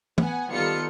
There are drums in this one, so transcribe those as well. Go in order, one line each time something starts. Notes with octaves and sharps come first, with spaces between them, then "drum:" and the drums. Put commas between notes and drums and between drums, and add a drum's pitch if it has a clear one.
B3 F#5 G#5, drum: tom
D#3 G3 B3 F4 A4 C#7